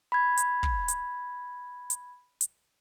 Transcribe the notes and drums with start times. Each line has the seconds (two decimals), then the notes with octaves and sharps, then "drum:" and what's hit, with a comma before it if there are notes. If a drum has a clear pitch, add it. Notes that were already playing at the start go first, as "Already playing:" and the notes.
0.12 B5 G#6
0.37 drum: hi-hat
0.63 drum: kick
0.88 drum: hi-hat
1.90 drum: hi-hat
2.41 drum: hi-hat